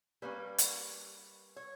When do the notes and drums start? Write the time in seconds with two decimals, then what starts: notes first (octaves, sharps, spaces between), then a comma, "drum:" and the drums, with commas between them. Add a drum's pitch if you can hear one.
0.22 G3 A#3 C#4 B4
0.58 drum: hi-hat
1.56 C#5